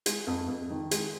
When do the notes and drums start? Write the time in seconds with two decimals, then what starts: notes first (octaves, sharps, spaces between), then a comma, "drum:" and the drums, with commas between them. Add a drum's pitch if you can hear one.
0.06 G#3, drum: hi-hat
0.27 F2
0.48 F2
0.70 D#3
0.91 G#3, drum: hi-hat